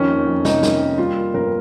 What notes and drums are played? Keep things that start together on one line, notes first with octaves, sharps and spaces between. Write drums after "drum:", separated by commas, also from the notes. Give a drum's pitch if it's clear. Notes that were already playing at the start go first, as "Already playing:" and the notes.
Already playing: F2 D#3 C#4
A#3
F2
C3 D#4, drum: snare
D#3, drum: snare
A#3
G3 F4
A#3
G1 A#4